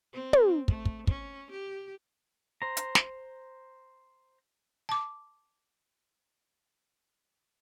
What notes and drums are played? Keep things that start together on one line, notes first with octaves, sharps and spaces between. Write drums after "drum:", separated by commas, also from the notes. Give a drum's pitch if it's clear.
C4
drum: tom
A3, drum: kick
drum: kick
C#4, drum: kick
G4
C5 A#5
drum: hi-hat
drum: snare
A5 D6